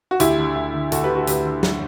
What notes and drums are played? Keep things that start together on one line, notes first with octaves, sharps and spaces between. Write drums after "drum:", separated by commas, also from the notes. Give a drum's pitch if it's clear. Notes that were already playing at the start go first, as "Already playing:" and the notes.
F#4
D2 E4 G4, drum: hi-hat
D3
D2
D3
D2 F#4 A4, drum: hi-hat
G4 B4
D3
F#4 A4
D2 G4 B4, drum: hi-hat
D3
drum: snare